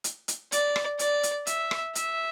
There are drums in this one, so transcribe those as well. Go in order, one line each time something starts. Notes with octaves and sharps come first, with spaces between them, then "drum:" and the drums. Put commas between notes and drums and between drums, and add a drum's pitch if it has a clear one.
drum: hi-hat
drum: hi-hat
D5, drum: hi-hat
drum: rim click
D5, drum: hi-hat
drum: hi-hat
E5, drum: hi-hat
drum: rim click
E5, drum: hi-hat